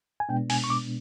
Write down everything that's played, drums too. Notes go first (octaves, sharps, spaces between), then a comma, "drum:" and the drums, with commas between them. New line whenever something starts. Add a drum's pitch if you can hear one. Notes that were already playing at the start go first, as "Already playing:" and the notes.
G#5
B2 G#3 B3 D4 G5
G#5, drum: open hi-hat
C#6
D6